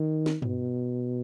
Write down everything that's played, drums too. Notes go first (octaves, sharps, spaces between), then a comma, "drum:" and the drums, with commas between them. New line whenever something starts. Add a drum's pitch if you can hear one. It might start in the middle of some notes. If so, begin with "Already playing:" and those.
Already playing: D#3
drum: snare
B2, drum: tom G2